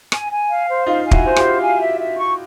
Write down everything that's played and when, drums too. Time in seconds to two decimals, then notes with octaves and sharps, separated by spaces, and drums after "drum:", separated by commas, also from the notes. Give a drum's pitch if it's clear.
0.12 G#5, drum: rim click
0.31 G#5
0.49 F5
0.68 C5
0.86 D#4 F4 F5
1.06 G#5
1.11 E4 F#4, drum: kick
1.24 F#4 C5
1.36 F4 G4, drum: rim click
1.43 F5
1.61 G#5
1.81 E5
1.99 E5
2.18 C#6